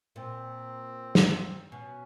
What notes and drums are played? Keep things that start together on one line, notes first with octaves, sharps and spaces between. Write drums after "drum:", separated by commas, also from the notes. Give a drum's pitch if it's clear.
A#2 C4
drum: snare
B2 C#4